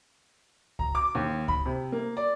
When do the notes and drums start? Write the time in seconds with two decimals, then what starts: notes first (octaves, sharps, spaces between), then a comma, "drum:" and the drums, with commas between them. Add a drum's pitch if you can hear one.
0.79 A#5, drum: kick C#2
0.95 D6
1.15 D#2
1.48 B5, drum: kick C#2
1.65 C3
1.92 A#3
2.17 D5